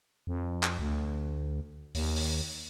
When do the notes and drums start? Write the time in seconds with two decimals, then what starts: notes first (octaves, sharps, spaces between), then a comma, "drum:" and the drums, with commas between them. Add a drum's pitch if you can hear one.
0.27 F2
0.63 drum: clap
0.79 D2
1.95 D#2, drum: open hi-hat
2.16 drum: open hi-hat